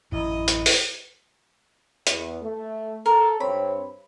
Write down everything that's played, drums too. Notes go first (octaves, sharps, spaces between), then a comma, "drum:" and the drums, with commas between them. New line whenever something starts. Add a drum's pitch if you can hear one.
A1 F#2 E4 D#5
drum: hi-hat
drum: open hi-hat
E2, drum: hi-hat
A3
A4 A#4
G2 C4 C#5 B5